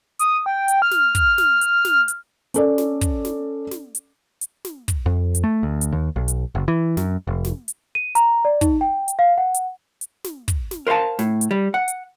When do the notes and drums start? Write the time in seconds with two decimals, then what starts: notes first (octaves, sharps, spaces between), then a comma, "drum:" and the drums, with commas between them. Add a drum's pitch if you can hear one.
0.19 D#6, drum: hi-hat
0.46 G5
0.68 drum: hi-hat
0.82 F6
0.91 drum: snare
1.15 drum: kick, hi-hat
1.38 drum: snare
1.61 drum: hi-hat
1.85 drum: snare
2.08 drum: hi-hat
2.54 C#4 A4 D5, drum: hi-hat
2.78 drum: snare
3.01 drum: kick, hi-hat
3.25 drum: snare
3.71 drum: snare
3.95 drum: hi-hat
4.41 drum: hi-hat
4.65 drum: snare
4.88 drum: kick, hi-hat
5.06 F2
5.35 drum: hi-hat
5.44 A3
5.63 D2
5.81 drum: hi-hat
5.92 D#2
6.16 B1
6.28 drum: hi-hat
6.55 F#1
6.68 E3
6.97 F#2, drum: snare
7.27 F1
7.45 drum: snare
7.68 drum: hi-hat
7.95 D#7
8.15 A#5, drum: hi-hat
8.45 D5
8.61 D#4, drum: kick, hi-hat
8.81 G5
9.08 drum: hi-hat
9.19 F5
9.38 F#5
9.54 drum: hi-hat
10.01 drum: hi-hat
10.24 drum: snare
10.48 drum: kick, hi-hat
10.71 drum: snare
10.87 A#4 C5 E5 F5 A5
11.19 A2, drum: snare
11.41 drum: hi-hat
11.51 G3
11.74 F#5
11.88 drum: hi-hat